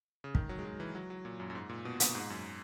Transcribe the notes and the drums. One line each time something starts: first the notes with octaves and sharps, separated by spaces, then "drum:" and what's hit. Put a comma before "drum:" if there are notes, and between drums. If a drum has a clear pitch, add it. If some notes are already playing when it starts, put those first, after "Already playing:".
C#3
D#3, drum: kick
F#3
G#3
F#3
E3
F#3
F#3
A#2
F#2
F#2
G#2
A#2
B2
A#2, drum: hi-hat
G#2
F#2